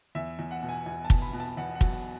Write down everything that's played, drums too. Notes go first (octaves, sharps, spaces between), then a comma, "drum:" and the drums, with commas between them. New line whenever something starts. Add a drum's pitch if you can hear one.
E2 E5
E2
F#5
B2
G#5
E2 G#5
A5
B2, drum: kick
B5
B2
A5
E2 F#5
F#5
F#3, drum: kick
F#5